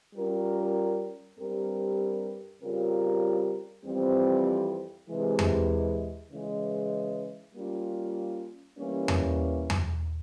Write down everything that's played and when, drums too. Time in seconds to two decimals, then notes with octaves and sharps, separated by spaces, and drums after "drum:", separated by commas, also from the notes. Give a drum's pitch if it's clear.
0.15 G3 C#4 F4 A#4
1.38 G2 G3 C4 G4 A#4
2.62 C#3 G3 C4 F4 A#4
3.85 F2 E3 G3 C4
5.08 C3 E3 G#3
5.39 drum: tom E2
6.31 C#3 E3 G#3
7.54 G3 A#3 C#4 F4
8.77 E3 G3 A#3 C#4
9.08 drum: tom E2
9.70 drum: tom E2